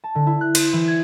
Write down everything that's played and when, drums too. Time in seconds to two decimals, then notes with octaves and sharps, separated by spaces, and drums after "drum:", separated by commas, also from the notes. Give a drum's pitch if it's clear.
0.04 A5
0.15 D3
0.27 E4
0.41 F#6
0.55 C5, drum: cymbal
0.73 E3
0.88 G#6